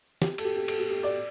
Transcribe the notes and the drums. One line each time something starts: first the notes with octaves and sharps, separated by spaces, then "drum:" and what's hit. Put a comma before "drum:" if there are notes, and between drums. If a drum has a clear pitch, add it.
G4, drum: snare
A4, drum: cymbal
G4
G4
A4, drum: cymbal
G4
G4
D5